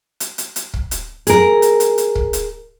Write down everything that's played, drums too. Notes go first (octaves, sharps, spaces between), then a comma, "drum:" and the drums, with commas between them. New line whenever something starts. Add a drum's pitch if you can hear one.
drum: hi-hat
drum: hi-hat
drum: hi-hat
drum: kick
drum: hi-hat
G#4 A#4, drum: hi-hat
drum: hi-hat
drum: hi-hat
drum: hi-hat
drum: kick
drum: hi-hat